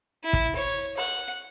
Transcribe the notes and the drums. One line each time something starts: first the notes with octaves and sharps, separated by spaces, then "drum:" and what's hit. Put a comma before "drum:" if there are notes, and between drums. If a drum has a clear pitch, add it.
E4
drum: kick
C#5
F#5, drum: open hi-hat